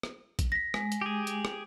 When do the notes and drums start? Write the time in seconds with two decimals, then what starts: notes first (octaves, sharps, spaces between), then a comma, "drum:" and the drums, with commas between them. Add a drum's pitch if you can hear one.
0.03 drum: rim click
0.39 drum: kick, hi-hat
0.52 A#6 B6
0.74 G#3, drum: rim click
0.92 drum: hi-hat
1.01 G4 G#4
1.27 drum: hi-hat
1.45 drum: rim click